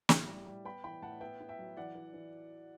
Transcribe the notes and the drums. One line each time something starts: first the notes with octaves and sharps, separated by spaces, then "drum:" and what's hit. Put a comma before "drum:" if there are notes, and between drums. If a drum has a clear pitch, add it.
A2, drum: snare
G3
G3
B3 G5 B5
E3 G5 B5
A2 F#5 A5
B3 E5 G5
E4
E5 G5
F#3
E3 D5 F#5
E3
E3